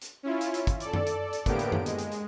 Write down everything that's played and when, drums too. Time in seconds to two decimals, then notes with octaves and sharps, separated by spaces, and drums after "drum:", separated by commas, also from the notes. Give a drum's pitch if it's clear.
0.02 drum: hi-hat
0.23 C#4 E4 F4
0.41 drum: hi-hat
0.54 drum: hi-hat
0.67 drum: kick, hi-hat
0.80 A4 D5, drum: hi-hat
0.93 drum: tom F#2
1.07 drum: hi-hat
1.33 drum: hi-hat
1.46 A2 D3 A#3 B3 G4 D7, drum: kick, hi-hat
1.59 drum: hi-hat
1.72 drum: tom F#2
1.86 G#3, drum: hi-hat
1.99 drum: hi-hat
2.12 drum: hi-hat